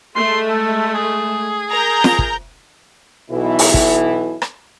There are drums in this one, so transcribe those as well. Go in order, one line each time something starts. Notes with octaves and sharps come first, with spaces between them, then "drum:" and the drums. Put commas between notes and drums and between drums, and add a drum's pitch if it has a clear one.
G#3 A3 C6
A4
G#4
A#4 A#5 G6
drum: snare
drum: kick
B1 B2 E3 E4
drum: open hi-hat
drum: kick
drum: rim click